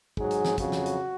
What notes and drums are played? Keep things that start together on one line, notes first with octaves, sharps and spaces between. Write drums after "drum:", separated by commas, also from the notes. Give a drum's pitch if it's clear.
G#2 F#3 G#4, drum: kick
drum: hi-hat
drum: snare
F2 C#3 F#3 F#4, drum: kick, hi-hat
drum: snare
drum: hi-hat